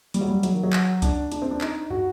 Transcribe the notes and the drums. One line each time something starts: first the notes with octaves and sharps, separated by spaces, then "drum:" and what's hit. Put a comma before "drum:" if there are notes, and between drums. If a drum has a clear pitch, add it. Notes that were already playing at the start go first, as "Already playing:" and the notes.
G3, drum: hi-hat
F#3
G3
F#3, drum: hi-hat
D#3
F#3
drum: clap
D4, drum: kick C2, hi-hat
D4, drum: hi-hat
C4
D4
D#4, drum: clap
F#4, drum: tom